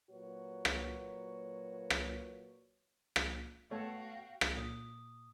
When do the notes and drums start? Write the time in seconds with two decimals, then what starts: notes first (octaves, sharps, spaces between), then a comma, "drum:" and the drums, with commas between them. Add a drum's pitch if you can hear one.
0.10 A#2 F#3 F#4 B4 C#5
0.65 drum: rim click
1.90 drum: rim click
3.16 drum: rim click
3.71 A3 B3 F#4 A4 C#5 F5 G5
4.41 drum: rim click
4.57 A#2 D#6